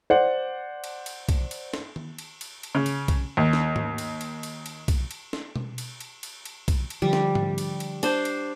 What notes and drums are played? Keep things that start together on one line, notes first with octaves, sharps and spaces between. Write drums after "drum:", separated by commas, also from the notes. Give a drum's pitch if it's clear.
C5 D5 F#5
drum: cymbal
drum: cymbal
drum: kick B1, cymbal
drum: cymbal
drum: snare
drum: tom D#3
drum: cymbal
drum: cymbal
drum: cymbal
C#3
drum: cymbal
drum: kick B1, cymbal
D#2
drum: snare
drum: tom G#2
drum: cymbal
drum: cymbal
drum: cymbal
drum: cymbal
drum: kick B1, cymbal
drum: cymbal
drum: snare
drum: tom B2
drum: cymbal
drum: cymbal
drum: cymbal
drum: cymbal
drum: kick B1, cymbal
drum: cymbal
D3 F3 G3
drum: snare
drum: tom G#2
drum: cymbal
drum: cymbal
D4 C5, drum: cymbal
drum: cymbal